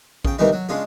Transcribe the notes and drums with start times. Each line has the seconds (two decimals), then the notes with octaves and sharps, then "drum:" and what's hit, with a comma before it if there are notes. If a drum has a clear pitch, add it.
0.25 C#3 G5, drum: kick A#1
0.39 C3 D#3 E3 G3 A3 D#4
0.53 F#3
0.69 C#3 G#3 D4 F4 G#4